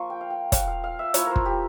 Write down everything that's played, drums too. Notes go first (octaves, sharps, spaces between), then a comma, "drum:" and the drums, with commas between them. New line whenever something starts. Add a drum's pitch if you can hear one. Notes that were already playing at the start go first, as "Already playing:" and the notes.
Already playing: F3 A#3 F4 C#6
G5
F5
G5
F5, drum: kick, hi-hat
F5
F5
E5
F3 A#3 E4 C#5, drum: hi-hat
A#4 C5
drum: kick
G4